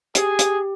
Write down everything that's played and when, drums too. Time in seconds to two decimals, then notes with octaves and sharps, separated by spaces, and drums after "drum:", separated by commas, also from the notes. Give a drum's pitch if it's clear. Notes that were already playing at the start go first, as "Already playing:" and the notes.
0.15 G4 G#4, drum: hi-hat
0.39 G4, drum: hi-hat